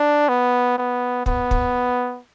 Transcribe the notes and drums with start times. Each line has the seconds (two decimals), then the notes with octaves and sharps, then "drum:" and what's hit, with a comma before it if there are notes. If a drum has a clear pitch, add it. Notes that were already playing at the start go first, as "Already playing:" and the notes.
Already playing: D4
0.29 B3
0.78 B3
1.26 B3, drum: kick
1.51 drum: kick